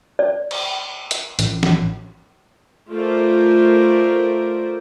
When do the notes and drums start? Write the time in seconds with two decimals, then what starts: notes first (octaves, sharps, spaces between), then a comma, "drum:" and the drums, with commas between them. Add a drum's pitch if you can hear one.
0.19 D5
0.51 drum: cymbal
1.11 drum: hi-hat
1.39 A1, drum: hi-hat
1.63 drum: snare
2.91 A3 F4 A#4 C5 D5